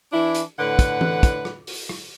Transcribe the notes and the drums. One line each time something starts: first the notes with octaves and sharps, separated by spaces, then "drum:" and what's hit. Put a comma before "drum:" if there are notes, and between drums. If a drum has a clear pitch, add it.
E3 D4 E4
drum: hi-hat
A2 D3 B4 F#5
drum: kick, hi-hat
drum: tom E3
drum: kick, hi-hat
drum: rim click
drum: open hi-hat
drum: rim click